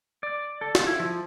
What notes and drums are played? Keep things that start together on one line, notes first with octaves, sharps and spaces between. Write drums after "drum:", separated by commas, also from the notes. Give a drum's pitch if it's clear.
D5
A4
F4, drum: snare
E4
F3